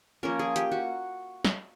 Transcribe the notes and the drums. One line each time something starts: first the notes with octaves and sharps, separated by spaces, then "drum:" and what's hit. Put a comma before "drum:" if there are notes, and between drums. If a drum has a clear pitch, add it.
F3 A#3 C#4 A#4
G#4
G4, drum: hi-hat
F#4
drum: snare